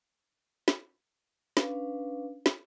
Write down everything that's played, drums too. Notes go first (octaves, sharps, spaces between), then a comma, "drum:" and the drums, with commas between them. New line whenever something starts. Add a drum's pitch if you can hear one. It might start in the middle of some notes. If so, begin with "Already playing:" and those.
drum: snare
C#4 D4 B4 F5, drum: snare
drum: snare